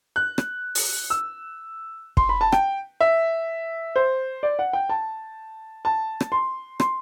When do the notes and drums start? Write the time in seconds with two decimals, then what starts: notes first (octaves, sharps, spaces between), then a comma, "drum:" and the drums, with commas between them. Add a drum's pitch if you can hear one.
0.16 F#6
0.38 drum: rim click
0.75 drum: open hi-hat
1.10 E6
2.17 C6, drum: kick
2.29 B5
2.41 A5
2.52 G5, drum: rim click
3.01 E5
3.96 C5
4.43 D5
4.59 F#5
4.73 G5
4.89 A5
5.85 A5
6.21 drum: rim click
6.32 C6
6.80 C6, drum: rim click